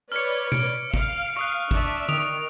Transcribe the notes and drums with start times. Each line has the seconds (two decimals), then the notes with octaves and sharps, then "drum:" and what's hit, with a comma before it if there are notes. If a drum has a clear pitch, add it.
0.12 B4 C#5 D5 F6 C#7
0.52 C#7 D7, drum: tom B2
0.94 F5, drum: kick
1.37 F5 C#6 D#6 F#6
1.71 D4 D5 E5, drum: kick
2.09 D#3 D#6 D7 F7, drum: tom D3